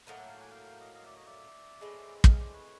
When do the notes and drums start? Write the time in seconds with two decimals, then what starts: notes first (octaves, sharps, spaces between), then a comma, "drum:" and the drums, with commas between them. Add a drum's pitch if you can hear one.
0.07 A2 F#3 A#3 D#5 F5
0.18 E5 F#5
0.29 F5 G5
0.40 F#5 G#5
0.51 F5 G5
0.65 F5 G5
0.80 D#5 F5
0.94 D#5 F5
1.05 D5 E5
1.16 C#5 D#5
1.26 D5 E5
1.81 A2 E3 G#3 C4
2.24 D#5 F5, drum: kick
2.39 C5 D5
2.53 B4 C#5